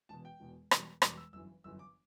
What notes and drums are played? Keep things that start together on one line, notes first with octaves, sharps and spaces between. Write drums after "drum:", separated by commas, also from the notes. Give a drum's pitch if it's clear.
E1 E2 B2 A5
G5
E1 E2 B2
E1 E2 B2 G3, drum: rim click
E1 E2 B2 G3 D6, drum: rim click
E6
G1 F#2 E3 E6
G1 F#2 E3 E6
D6